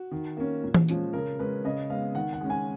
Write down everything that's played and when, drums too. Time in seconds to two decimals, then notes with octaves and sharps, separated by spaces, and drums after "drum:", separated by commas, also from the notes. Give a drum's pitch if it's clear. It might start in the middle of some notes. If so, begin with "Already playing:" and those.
Already playing: F#4
0.11 D#3
0.37 A#3 C#4
0.63 A#2
0.74 drum: tom E3
0.88 F3 G#3 C#4, drum: tambourine
1.13 C#3 A#4
1.39 G#3 C#4 B4
1.65 C#3 D#5
1.90 G#3 B3 F5
2.15 D#3 F#5
2.33 F#5
2.41 G#3 C#4
2.50 G#5